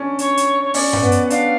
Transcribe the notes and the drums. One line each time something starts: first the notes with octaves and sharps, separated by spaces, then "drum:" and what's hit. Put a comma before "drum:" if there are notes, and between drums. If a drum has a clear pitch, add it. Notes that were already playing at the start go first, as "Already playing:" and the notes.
Already playing: C#4 D4
C#5, drum: hi-hat
drum: hi-hat
C#5
C#4 D5, drum: open hi-hat
drum: tom G2
B3
drum: hi-hat
F#5
D4 F5, drum: hi-hat